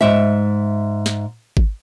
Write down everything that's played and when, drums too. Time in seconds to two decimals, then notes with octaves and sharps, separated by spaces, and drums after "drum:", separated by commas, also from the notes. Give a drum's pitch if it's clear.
0.01 G#2 E5
1.06 drum: snare
1.57 drum: kick G#1